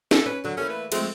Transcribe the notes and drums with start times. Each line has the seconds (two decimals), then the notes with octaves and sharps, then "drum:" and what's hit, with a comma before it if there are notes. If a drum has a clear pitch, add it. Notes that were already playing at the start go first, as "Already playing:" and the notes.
0.11 A4, drum: snare
0.26 C#4 B4
0.45 D3 F#3
0.57 E3 A3 A#3 C#4
0.70 B4
0.92 F3 G#3 A3 C4, drum: cymbal